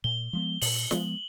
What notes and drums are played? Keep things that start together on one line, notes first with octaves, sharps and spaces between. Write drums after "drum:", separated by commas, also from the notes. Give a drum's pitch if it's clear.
A#2 G7
F3 G#3 B3
A#2 F#7, drum: open hi-hat
F3 G#3 B3, drum: snare